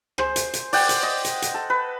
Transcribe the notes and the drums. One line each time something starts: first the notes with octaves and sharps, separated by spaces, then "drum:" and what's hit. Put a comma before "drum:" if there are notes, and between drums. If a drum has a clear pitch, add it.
G#4 C5, drum: rim click
drum: hi-hat
drum: hi-hat
D5 F#5 G5, drum: open hi-hat
drum: hi-hat
D#5
drum: hi-hat
drum: hi-hat
A4
B4